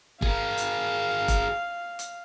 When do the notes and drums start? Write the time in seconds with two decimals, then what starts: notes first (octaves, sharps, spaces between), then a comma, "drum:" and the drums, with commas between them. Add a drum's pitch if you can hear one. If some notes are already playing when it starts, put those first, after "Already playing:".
0.22 G#4 A#4 F5, drum: kick E1
0.58 drum: hi-hat
1.28 drum: kick E1, hi-hat
1.99 drum: hi-hat